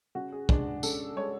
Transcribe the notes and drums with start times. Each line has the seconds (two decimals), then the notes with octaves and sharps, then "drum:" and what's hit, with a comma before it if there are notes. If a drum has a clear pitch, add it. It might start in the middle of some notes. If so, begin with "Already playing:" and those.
0.15 C#3 F#4
0.32 G#4
0.49 G#3 D4, drum: kick
0.83 C#3 A4, drum: tambourine
1.16 G#3 C#5